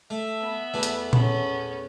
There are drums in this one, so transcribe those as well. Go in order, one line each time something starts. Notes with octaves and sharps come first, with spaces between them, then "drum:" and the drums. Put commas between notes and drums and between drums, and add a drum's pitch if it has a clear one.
A3 E5
B3
E2 E3 A3
drum: hi-hat
B3 C#4, drum: tom A#2